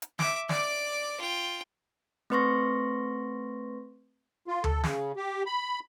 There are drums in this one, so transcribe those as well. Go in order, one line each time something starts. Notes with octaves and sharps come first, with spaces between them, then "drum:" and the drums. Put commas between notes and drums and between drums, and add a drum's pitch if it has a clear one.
drum: hi-hat
E5 D6, drum: snare
D5 D6, drum: snare
F4 G5
A3 C4 B4 C6 C#6 A#6
F4
A4, drum: tom D2
C#3, drum: snare
G4
B5